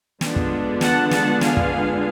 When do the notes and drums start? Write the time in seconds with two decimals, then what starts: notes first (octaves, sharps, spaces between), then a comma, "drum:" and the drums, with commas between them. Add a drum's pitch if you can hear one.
0.21 D3 G#3 B3 D4 F4, drum: snare
0.36 drum: kick
0.81 F#5 A5, drum: snare
1.11 F#5 A5, drum: snare
1.41 F5 G#5, drum: snare
1.57 drum: kick